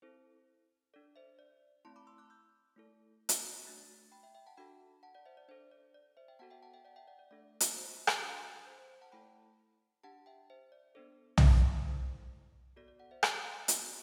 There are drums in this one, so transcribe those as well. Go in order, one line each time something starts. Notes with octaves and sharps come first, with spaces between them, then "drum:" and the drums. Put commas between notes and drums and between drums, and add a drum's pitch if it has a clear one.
C4 E4 A4 C5
D4 A4 D5
C5 E5
D5
A3 C4 E4 A5 C6
B5 D6
C6 E6
D6 F#6
E6 G6
A3 E4 A4
drum: hi-hat
A3 D4 F#4 F#6 A6
G5 B5
E5 G5
E5 G5
F#5 A5
D4 F#4 A4 G5 B5
F#5 A5
D5 F#5
C5 E5
D5
D4 A4 C5
D5
D5
C5 E5
E5 G5
B3 F#4 A4 F#5 A5
E5 G5
F#5 A5
E5 G5
D5 F#5
E5 G5
D5 F#5
D5
A3 D4 A4 D5
drum: hi-hat
C5
drum: rim click
D4 F#4 A4
C5
C5
C5
F#5 A5
A3 E4 A4 G5 B5
D4 G4 F#5 A5
E5 G5
C5 E5
D5
B3 D4 A4 C5
drum: tom B1
A3 E4 A4 C5
B3 F#4 A4 D5
D5
D5 F#5
C5 E5
D5, drum: rim click
B3 D4 G4, drum: hi-hat